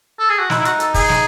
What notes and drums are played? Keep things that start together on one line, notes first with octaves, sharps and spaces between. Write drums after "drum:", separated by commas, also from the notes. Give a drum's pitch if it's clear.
A4
G#4
F#4
D#4 E4, drum: snare
E4
F#4, drum: hi-hat
A4, drum: hi-hat
G#4, drum: kick, open hi-hat
drum: snare